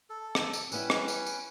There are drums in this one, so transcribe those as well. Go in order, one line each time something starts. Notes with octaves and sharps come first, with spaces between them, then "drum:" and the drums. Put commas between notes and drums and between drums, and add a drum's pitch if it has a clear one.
A4
drum: rim click
drum: tambourine
G3 B3 C#4 E4 B4, drum: tambourine
drum: rim click
drum: tambourine
drum: tambourine